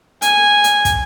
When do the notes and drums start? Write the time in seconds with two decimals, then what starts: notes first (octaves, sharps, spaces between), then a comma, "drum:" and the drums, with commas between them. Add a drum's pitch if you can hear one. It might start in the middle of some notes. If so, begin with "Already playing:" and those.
0.22 G#5, drum: hi-hat
0.64 drum: hi-hat
0.85 drum: kick, hi-hat